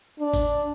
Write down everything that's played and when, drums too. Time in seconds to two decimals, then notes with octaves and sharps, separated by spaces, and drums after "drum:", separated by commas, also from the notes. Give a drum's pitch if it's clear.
0.20 D4
0.34 drum: kick G#1, tambourine